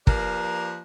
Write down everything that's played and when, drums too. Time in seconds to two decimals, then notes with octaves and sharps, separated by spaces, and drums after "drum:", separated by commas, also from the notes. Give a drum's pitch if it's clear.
0.07 F3 A#3 G4 A#4 B4 D5, drum: kick